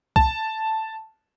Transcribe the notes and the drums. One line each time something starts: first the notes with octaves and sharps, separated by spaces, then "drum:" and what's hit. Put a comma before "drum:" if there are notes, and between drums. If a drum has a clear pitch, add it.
A5, drum: kick C2